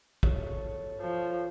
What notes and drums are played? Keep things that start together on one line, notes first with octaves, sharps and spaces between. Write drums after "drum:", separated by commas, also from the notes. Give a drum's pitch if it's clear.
A4 C#5, drum: kick
F3